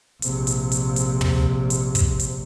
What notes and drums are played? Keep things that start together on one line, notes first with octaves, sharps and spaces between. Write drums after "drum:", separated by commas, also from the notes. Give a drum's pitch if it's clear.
A#1 C3, drum: hi-hat
drum: hi-hat
drum: hi-hat
drum: hi-hat
drum: tom
drum: hi-hat
drum: kick, hi-hat
drum: hi-hat